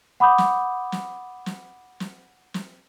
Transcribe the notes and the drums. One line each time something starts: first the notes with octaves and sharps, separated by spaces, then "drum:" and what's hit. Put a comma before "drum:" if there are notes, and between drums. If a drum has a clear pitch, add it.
F#5 B5 D6 D#6 G6
drum: snare
drum: snare
drum: snare
drum: snare
drum: snare